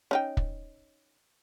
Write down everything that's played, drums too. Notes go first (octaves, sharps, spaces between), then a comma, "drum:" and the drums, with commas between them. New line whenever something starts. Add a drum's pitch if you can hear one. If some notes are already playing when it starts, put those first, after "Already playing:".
C#4 D#4 G5
drum: kick